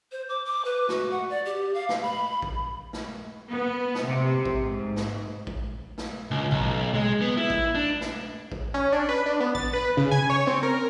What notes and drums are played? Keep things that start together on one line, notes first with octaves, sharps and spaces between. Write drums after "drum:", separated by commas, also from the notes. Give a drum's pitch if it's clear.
C5
D6
D6
B4
F#4, drum: snare
F#5
D5
G4
F5
F5, drum: snare
B5
drum: kick A1
drum: snare
B3
drum: snare
C3
drum: kick A1
G#2
drum: snare
drum: kick A1
drum: snare
C#2
B1, drum: kick A1
G#3
B3
E4
drum: kick A1
D4
drum: snare
drum: kick A1
C#4
D4
B4
D4
B3
A6, drum: kick A1
B4
C#3
G#5
C#5
C4
A#4